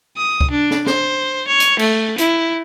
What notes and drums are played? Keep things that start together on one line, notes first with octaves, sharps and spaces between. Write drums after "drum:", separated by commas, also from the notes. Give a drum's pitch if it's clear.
D#6
drum: kick
D4
drum: snare
C5, drum: snare
C#5
drum: hi-hat
A3, drum: cymbal
E4, drum: hi-hat